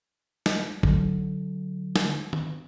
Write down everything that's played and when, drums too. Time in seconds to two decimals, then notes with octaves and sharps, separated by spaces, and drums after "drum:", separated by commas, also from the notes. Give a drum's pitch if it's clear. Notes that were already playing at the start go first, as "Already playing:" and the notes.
0.46 drum: snare
0.83 D3 F#3, drum: kick
1.96 drum: snare
2.33 drum: tom D#3